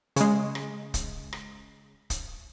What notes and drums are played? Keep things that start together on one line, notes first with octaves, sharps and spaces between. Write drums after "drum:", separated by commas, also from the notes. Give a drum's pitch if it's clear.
C#3 G#3, drum: hi-hat
drum: rim click
drum: kick, hi-hat
drum: rim click
drum: kick, hi-hat